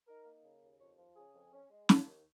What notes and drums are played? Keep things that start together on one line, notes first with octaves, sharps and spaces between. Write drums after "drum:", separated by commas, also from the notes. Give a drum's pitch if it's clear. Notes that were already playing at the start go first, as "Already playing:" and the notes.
D#4 A#4
A#3
C#3
D#2
F2 C#5
F3
C#3 G#4
F2
C#4
G#3
C#3, drum: snare
D#2